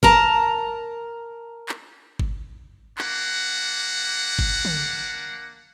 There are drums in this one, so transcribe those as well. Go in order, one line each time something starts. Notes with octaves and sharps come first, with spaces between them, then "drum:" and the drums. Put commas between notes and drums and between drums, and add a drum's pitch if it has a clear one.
A#4 A5 A#5, drum: kick G1
drum: clap
drum: kick G1
A#3 D4 F#5, drum: clap
drum: kick G1
drum: tom